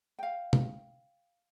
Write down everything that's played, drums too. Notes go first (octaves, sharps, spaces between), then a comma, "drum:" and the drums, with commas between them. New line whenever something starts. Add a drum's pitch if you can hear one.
F5 G5
drum: tom